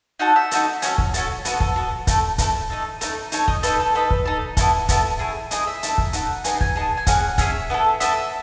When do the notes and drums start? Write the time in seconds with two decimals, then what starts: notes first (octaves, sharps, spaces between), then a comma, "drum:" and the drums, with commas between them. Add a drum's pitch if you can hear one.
0.19 D#4 F#4 A4 F#5
0.36 E5
0.51 D#4 F#4 A4, drum: hi-hat
0.82 C#4 F#4 A4, drum: hi-hat
0.98 drum: kick
1.14 C#4 F#4 A4, drum: hi-hat
1.45 B3 F#4 A4 B4, drum: hi-hat
1.60 A4, drum: kick
1.76 B3 F#4 A4
2.07 A3 E4 A4, drum: kick, hi-hat
2.38 A3 E4 A4 B4, drum: kick, hi-hat
2.70 A3 D#4 A4
3.01 A3 D#4 A4, drum: hi-hat
3.32 D#4 A4 C#5, drum: hi-hat
3.48 D#5, drum: kick
3.63 D#4 A4 B4, drum: hi-hat
3.80 A4
3.95 D#4 A4 B4
4.10 drum: kick
4.26 D#4 A4
4.57 B3 E4 A4, drum: kick, hi-hat
4.89 B3 E4 A4, drum: kick, hi-hat
5.19 A3 E4 G#4
5.51 A3 E4 G#4 D#5, drum: hi-hat
5.67 E5
5.83 D#4 A4, drum: hi-hat
5.98 drum: kick
6.13 D#4 A4 F#5, drum: hi-hat
6.44 B3 D#4 G#4 G#5, drum: hi-hat
6.61 G#5, drum: kick
6.76 B3 D#4 G#4 A5
6.97 G#5
7.07 C#4 G#4 F#5, drum: kick, hi-hat
7.38 C#4 G#4 E5, drum: kick, hi-hat
7.70 B3 E4 A4
8.00 B3 E4 A4 E5, drum: hi-hat